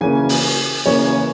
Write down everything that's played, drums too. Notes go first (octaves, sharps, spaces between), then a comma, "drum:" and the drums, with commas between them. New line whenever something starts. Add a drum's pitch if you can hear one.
C#3 E3 A#3 C#4 G#5
drum: open hi-hat
C#3 E3 A#3 C#4 C#5